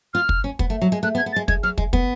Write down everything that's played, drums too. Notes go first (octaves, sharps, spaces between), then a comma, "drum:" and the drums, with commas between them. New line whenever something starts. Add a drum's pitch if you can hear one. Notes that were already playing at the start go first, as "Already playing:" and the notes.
F4 F6
drum: kick
C#4
B3, drum: kick
A3
F#3
G#3
A3 F#6
B3
G#6
B3
A6
G#3
G#3 G#6, drum: kick
F#3 F6
G#3, drum: kick
B3, drum: kick